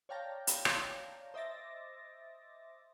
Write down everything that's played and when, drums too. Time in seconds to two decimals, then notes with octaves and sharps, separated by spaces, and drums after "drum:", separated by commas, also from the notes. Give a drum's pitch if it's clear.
0.09 C#5 D5 F5 G5 A5 A#5
0.47 drum: hi-hat
0.65 drum: rim click
1.34 C5 D#5 E5 D6 A6 A#6